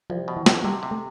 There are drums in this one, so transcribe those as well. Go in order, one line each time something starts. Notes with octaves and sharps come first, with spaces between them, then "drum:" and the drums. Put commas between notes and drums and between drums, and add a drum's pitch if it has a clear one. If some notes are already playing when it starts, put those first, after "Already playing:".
C2 F3
B2
E3
B2, drum: snare
C3 G3
C3
A3